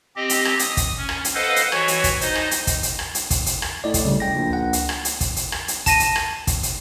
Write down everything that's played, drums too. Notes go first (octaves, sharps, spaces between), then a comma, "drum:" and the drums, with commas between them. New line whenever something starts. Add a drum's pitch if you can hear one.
C4 G4 D#5
drum: hi-hat
drum: rim click
D#6, drum: hi-hat
drum: kick, hi-hat
C#4
drum: rim click
drum: hi-hat
A4 B4 C5 D#5 F5 F#5
drum: hi-hat
E3 F#4 C#5, drum: rim click
drum: hi-hat
drum: kick, hi-hat
D#4 C5 D#5, drum: hi-hat
drum: rim click
drum: hi-hat
drum: kick, hi-hat
drum: hi-hat
drum: rim click
drum: hi-hat
drum: kick, hi-hat
drum: hi-hat
drum: rim click
A2 D5 D#5
drum: kick, hi-hat
C#3 G3
G5 A#6
A#1
C#2 F#5
drum: hi-hat
drum: rim click
drum: hi-hat
drum: kick, hi-hat
drum: hi-hat
drum: rim click
drum: hi-hat
A5 A#6 D#7, drum: kick, hi-hat
drum: hi-hat
drum: rim click
drum: kick, hi-hat
drum: hi-hat